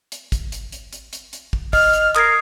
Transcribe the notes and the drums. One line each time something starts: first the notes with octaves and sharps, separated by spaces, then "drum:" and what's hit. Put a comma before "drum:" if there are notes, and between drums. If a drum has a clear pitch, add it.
drum: hi-hat
drum: kick, hi-hat
drum: hi-hat
drum: hi-hat
drum: hi-hat
drum: hi-hat
drum: hi-hat
drum: kick
D#5 F6, drum: kick, open hi-hat
drum: hi-hat
A#4 D#6 G#6 C7, drum: clap